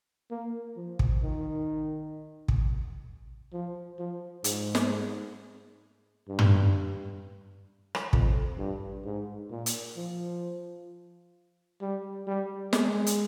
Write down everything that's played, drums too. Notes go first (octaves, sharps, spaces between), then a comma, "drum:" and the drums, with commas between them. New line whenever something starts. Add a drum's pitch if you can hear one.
A#3
F3
drum: kick
D#3
drum: kick
F3
F3
G#2, drum: hi-hat
drum: snare
G2
drum: tom
drum: rim click
F2, drum: kick
G2
G#2
A#2
drum: hi-hat
F3
G3
G3
G#3, drum: snare
drum: hi-hat